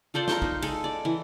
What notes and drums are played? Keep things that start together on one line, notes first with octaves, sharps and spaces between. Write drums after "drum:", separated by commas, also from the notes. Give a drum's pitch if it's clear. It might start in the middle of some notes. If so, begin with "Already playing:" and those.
F4 A4 C5 D5
A#4 C5, drum: snare
D#4, drum: kick
G#3 A4, drum: cymbal
D5
E3